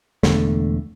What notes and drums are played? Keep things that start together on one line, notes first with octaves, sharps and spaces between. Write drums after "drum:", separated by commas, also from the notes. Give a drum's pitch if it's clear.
E1 E2 D3 A3, drum: snare